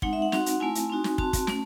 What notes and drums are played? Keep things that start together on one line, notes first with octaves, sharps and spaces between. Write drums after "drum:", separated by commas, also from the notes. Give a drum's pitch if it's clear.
G#3 C4 D#4 F#5, drum: kick
E5
F#5
C4 D#4 F#4, drum: snare
drum: hi-hat
A3 C4 E4 G#5
drum: hi-hat
C4 D#4 F#4
drum: snare
C4 F#4 A5, drum: kick
drum: kick, hi-hat
A3 C#4, drum: snare